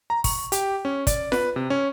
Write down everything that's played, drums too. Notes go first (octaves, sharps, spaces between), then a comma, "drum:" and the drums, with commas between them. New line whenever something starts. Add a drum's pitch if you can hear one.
A#5
C#6, drum: kick, open hi-hat
G4, drum: hi-hat
C#4
D5, drum: kick, hi-hat
B4, drum: snare F4
C3
C#4